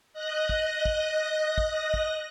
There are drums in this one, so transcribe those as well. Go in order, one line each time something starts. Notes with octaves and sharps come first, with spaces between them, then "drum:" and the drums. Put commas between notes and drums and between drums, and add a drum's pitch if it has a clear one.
D#5 F#6 A#6
drum: kick
drum: kick
drum: kick
drum: kick